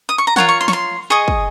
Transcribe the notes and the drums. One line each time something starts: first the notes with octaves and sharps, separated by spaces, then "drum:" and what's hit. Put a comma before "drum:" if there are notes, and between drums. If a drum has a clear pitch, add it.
D#6
C#6
A#5
F4 A#4 C#5 F#5, drum: tom E3
C#6
C6
C#6, drum: snare
C6
G#4 D#5 C#6
drum: kick